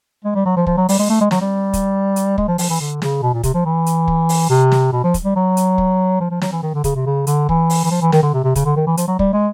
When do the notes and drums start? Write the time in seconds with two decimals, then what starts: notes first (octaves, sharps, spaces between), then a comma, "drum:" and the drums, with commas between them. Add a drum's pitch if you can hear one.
0.25 G#3
0.35 G3
0.46 F#3
0.57 F3
0.67 F3, drum: kick
0.77 F#3
0.89 G3, drum: open hi-hat
0.99 G#3
1.10 A3
1.21 G#3
1.31 F#3, drum: snare
1.41 G3
1.73 drum: kick, hi-hat
2.16 drum: hi-hat
2.38 G#3, drum: kick
2.48 F3
2.58 F3, drum: open hi-hat
2.70 E3
2.81 D3
3.02 C#3, drum: snare
3.22 B2
3.33 A#2
3.43 C3, drum: kick, hi-hat
3.54 F3
3.65 E3
3.86 drum: hi-hat
4.08 drum: kick
4.29 drum: open hi-hat
4.50 C3
4.72 drum: snare
4.92 B2
5.04 F3
5.14 drum: kick, hi-hat
5.25 G3
5.36 F#3
5.57 drum: hi-hat
5.78 drum: kick
6.21 F3
6.31 F3
6.42 F#3, drum: snare
6.52 E3
6.63 D#3
6.74 D3
6.84 C#3, drum: kick, hi-hat
6.95 C3
7.06 C#3
7.27 D3, drum: hi-hat
7.49 E3, drum: kick
7.70 drum: open hi-hat
7.84 E3
7.91 F3
8.02 E3
8.12 D#3, drum: snare
8.23 D3
8.34 C3
8.44 C3
8.55 C#3, drum: kick, hi-hat
8.65 D3
8.76 D#3
8.87 E3
8.97 F3, drum: hi-hat
9.08 F#3
9.19 G3, drum: kick
9.33 G#3